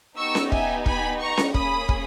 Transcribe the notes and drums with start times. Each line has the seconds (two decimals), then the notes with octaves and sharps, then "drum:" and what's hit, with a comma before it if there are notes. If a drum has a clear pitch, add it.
0.17 B3 D#4 G4 C#6 E6
0.35 drum: snare C#4
0.52 E5 G#5, drum: kick
0.86 G#5 B5, drum: kick
1.20 A#5 C#6
1.37 drum: snare C#4
1.54 A#3 C#4 G#4 B5 D#6, drum: kick
1.89 drum: kick